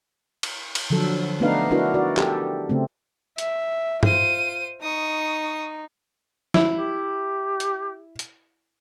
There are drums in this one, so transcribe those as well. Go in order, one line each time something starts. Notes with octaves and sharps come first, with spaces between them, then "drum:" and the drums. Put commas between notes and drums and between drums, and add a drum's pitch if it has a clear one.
drum: cymbal
drum: cymbal
D3 F3 F#3 A4
A3 B3 D4 D#4 B4 F5
D4 E4 F#4 A#4 B4
F#4 D5
G4 A4, drum: clap
C#3 A3 C4
E5, drum: hi-hat
F4 C5 D#7, drum: tom G2
D#4 C#6 D#6
E4, drum: snare
G4
drum: hi-hat
drum: hi-hat